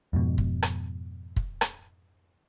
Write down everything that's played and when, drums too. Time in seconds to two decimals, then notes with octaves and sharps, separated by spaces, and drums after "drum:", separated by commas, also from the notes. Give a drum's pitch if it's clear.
0.13 F2 G#2 B2
0.38 drum: kick
0.62 drum: rim click
1.36 drum: kick
1.61 drum: rim click